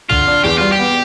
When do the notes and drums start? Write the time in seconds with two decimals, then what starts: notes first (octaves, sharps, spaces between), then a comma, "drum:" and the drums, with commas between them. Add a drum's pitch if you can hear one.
0.10 D3 F4, drum: tom
0.27 D4
0.44 E2 G4
0.58 G3 F4
0.72 G4
0.79 B3